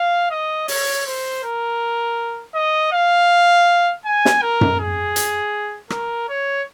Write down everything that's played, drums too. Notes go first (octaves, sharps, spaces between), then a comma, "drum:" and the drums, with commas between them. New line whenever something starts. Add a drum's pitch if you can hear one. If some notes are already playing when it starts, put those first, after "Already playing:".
Already playing: F5
D#5
C#5, drum: open hi-hat
C5
A#4
D#5
F5
G#5
drum: snare
A#4
drum: tom F#2
G#4
drum: hi-hat
A#4, drum: rim click
C#5